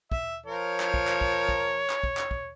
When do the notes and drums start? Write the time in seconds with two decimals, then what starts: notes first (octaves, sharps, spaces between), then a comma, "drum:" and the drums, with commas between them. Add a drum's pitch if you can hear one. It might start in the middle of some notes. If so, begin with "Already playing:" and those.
0.12 E5, drum: kick
0.46 F3 A#4 C#5
0.80 drum: clap
0.94 drum: kick
1.08 drum: clap
1.21 drum: kick
1.49 drum: kick
1.90 drum: clap
2.04 drum: kick
2.17 drum: clap
2.31 drum: kick